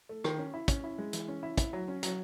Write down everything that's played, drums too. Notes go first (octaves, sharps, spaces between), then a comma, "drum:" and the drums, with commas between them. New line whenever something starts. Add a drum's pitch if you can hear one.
A3
D#3, drum: rim click
C#4
E4
C#4, drum: kick, hi-hat
E4
G#3
E3, drum: hi-hat
C#4
E4
E4, drum: kick, hi-hat
F#3
C#4
F#3, drum: hi-hat